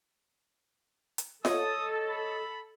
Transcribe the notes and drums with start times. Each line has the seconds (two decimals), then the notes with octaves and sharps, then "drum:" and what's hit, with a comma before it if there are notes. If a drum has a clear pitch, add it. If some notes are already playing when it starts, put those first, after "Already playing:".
1.18 drum: hi-hat
1.45 A4 C#5 D#5 D#6, drum: snare F4
2.10 B5